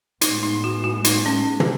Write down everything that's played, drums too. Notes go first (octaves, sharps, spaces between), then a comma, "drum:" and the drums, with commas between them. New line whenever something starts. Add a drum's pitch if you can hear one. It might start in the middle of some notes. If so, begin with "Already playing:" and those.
A2 G#3 B3 D#4, drum: hi-hat
D#4
F#4
F#4
D#4, drum: hi-hat
C#4
drum: tom